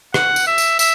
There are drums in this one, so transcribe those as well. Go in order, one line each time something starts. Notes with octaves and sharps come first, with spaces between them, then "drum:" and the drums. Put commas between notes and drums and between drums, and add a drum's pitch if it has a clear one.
F#5, drum: rim click
drum: tambourine
E5
drum: tambourine
E5, drum: tambourine